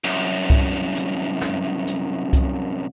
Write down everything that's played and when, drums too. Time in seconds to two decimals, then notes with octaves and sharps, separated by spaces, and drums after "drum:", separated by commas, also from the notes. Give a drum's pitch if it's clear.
0.04 C2 F#2, drum: hi-hat
0.50 drum: kick C2, hi-hat
0.96 drum: hi-hat
1.41 drum: snare
1.87 drum: hi-hat
2.33 drum: kick C2, hi-hat